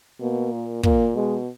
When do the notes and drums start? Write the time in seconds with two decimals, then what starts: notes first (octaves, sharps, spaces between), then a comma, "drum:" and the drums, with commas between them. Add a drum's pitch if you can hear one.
0.20 B2 A#3
0.52 A#2
0.83 A#2 A#3, drum: kick
1.15 B2 G#3